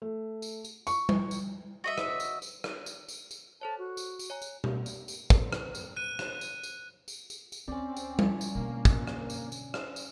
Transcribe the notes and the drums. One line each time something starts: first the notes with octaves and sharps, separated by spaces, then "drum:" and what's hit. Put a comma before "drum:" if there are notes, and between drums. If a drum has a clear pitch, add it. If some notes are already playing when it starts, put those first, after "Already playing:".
A3
drum: tambourine
drum: tambourine
C#6, drum: tambourine
drum: tom G3
drum: tambourine
F#4 D#5 E5
drum: rim click
drum: tambourine
drum: tambourine
drum: rim click
drum: tambourine
drum: tambourine
drum: tambourine
A4 C5 C#5 A5
F#4
drum: tambourine
drum: tambourine
C#5 G#5 A#5
drum: tambourine
drum: tom B2
drum: tambourine
drum: tambourine
drum: kick, tambourine
drum: rim click
drum: tambourine
F#6 D#7
drum: rim click
drum: tambourine
drum: tambourine
drum: tambourine
drum: tambourine
drum: tambourine
D2 C4 C#4 D5
drum: tambourine
drum: tom G3
drum: tambourine
B2 D3 A#3
drum: kick, tambourine
drum: rim click
drum: tambourine
drum: tambourine
drum: rim click
drum: tambourine